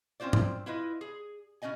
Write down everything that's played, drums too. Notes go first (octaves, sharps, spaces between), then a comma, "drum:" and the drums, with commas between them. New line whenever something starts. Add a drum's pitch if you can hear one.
C4 C#4 F4 C5 D5
drum: tom G#2
E4 F4 B4 D#5
G#4
B2 C#4 D#4 D#5 G#5